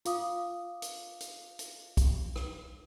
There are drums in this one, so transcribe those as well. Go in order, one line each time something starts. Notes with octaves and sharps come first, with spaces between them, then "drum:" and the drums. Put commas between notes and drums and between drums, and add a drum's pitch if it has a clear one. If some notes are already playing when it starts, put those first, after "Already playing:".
F4 F5 D6 D#6, drum: hi-hat
drum: hi-hat
drum: hi-hat
drum: hi-hat
drum: kick B1, hi-hat
drum: rim click